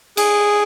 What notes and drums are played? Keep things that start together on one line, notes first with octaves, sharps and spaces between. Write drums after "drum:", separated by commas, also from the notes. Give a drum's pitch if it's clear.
G#4, drum: cymbal